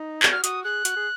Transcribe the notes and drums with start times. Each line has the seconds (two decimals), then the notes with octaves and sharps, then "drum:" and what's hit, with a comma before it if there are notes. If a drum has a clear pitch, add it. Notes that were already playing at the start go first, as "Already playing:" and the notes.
Already playing: D#4
0.23 F#4, drum: clap
0.32 F6
0.44 F#4 D#6, drum: hi-hat
0.64 G#4 F#6
0.85 F#4, drum: hi-hat
0.96 G#4